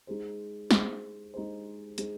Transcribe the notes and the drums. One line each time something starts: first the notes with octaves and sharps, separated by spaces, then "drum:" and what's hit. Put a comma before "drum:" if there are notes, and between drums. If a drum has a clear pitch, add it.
G#3 D#4 G#4 C5
G#3 D#4 G#4 C5, drum: snare
G#3 D#4 G#4 C5
G#3 D#4 G#4 C5, drum: hi-hat